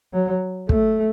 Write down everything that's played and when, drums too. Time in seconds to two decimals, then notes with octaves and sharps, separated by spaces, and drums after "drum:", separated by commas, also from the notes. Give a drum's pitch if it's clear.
0.13 F#3
0.69 A3, drum: kick